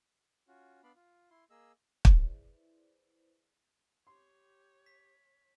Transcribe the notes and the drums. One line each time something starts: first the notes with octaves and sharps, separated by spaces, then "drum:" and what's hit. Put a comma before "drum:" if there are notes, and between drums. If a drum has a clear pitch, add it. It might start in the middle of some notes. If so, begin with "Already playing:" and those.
C#4 F4 F#4
B3 D4 D5 F5 B5
F4
E4 C6
A#3 G#4 D#5 E6
drum: kick
E4 G#4 B4 C5 D5 E5
G4 C#5 C6
B6